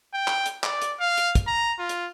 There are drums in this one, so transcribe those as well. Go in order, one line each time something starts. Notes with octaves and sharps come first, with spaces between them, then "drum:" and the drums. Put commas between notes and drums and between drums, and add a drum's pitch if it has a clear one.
G5
drum: clap
drum: hi-hat
D5, drum: clap
drum: hi-hat
F5
drum: hi-hat
drum: kick, hi-hat
A#5
F4
drum: hi-hat